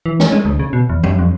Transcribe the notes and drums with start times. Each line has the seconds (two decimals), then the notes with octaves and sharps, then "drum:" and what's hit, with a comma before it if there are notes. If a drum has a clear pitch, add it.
0.06 E3
0.20 C#4, drum: snare
0.32 G#3
0.45 D2
0.60 C#3
0.73 B2
0.89 E2
1.04 F#2, drum: tom F#3
1.19 F2